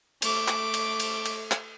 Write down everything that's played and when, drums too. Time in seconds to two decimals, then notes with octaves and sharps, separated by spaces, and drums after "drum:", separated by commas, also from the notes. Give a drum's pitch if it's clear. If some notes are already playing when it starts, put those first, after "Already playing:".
0.22 A3 D6, drum: cymbal
0.48 drum: clap
0.74 drum: cymbal
1.00 drum: cymbal
1.26 drum: cymbal
1.51 drum: clap